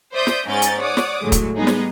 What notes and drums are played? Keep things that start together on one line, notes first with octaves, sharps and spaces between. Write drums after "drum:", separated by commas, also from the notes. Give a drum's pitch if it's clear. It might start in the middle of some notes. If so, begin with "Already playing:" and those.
C5 D5 E5 D#6 G6
drum: snare
G#2 C#4 G#5 A#5 G6 A6
drum: hi-hat
C#5 D5 F#5 D6 D#6
drum: snare
A2 D3 F#3 G#3
drum: kick, hi-hat
G3 G#3 B3 D#4 G#4
drum: snare